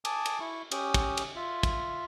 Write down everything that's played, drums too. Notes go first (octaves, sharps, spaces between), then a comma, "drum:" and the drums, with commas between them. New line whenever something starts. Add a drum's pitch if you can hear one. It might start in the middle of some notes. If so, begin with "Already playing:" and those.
G#5 A5 D6 D#6, drum: cymbal
drum: cymbal
E4 C#6
C#4 G4 D#6, drum: cymbal
drum: kick, cymbal
drum: cymbal
F4 E5
drum: kick, cymbal